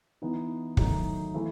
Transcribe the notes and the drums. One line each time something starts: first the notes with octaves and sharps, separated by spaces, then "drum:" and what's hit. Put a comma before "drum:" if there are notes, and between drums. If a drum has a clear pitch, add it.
E3 B3 D#4
D#3 F#3 A3 D#4, drum: kick
E3 A3 E4